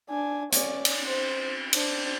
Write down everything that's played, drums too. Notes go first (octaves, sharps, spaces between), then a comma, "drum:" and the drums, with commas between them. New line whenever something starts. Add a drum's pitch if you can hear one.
D4 G#5
C#4 D5, drum: hi-hat
drum: cymbal
C5
D4 C5, drum: cymbal